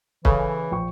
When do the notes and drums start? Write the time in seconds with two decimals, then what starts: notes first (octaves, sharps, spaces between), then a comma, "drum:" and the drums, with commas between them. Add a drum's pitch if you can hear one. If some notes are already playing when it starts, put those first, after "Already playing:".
0.25 C#3 E3 A4, drum: kick
0.71 A#1 G5 C#6